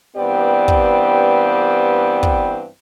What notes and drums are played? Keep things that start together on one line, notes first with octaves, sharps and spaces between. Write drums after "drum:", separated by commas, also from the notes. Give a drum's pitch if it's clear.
G2 E3 B3 C4 G4 D5
drum: kick
drum: kick